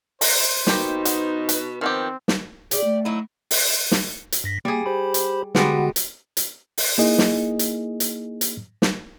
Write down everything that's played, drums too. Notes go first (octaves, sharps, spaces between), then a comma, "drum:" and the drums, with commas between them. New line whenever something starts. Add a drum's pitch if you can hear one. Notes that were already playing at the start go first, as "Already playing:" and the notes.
C5 A#5, drum: open hi-hat
B2 A#3 D#4 G4, drum: snare
B3, drum: hi-hat
B4, drum: hi-hat
D#3 F3 B3 C4 G4
drum: snare
G4 G#4 D5, drum: hi-hat
A3
F#3 D#4 E4
drum: open hi-hat
drum: snare
drum: hi-hat
G2 A#6 B6
G3 A#3 G#4
G4 C5 B5
drum: hi-hat
D3 G3 G#3 B3 F#4, drum: snare
drum: hi-hat
drum: hi-hat
drum: open hi-hat
A#3 D#4 E4 G#4 D#5
drum: snare
drum: hi-hat
drum: hi-hat
drum: hi-hat
drum: snare